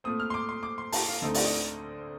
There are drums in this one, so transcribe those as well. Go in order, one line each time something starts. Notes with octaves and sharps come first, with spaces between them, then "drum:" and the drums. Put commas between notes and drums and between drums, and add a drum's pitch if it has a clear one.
A#2 A3 C4 D#6
F6
C6
D6
C6
D6
C6
A5, drum: open hi-hat
F5
D2 D3 A3 C4 D#4 D#5
D5, drum: open hi-hat
D#5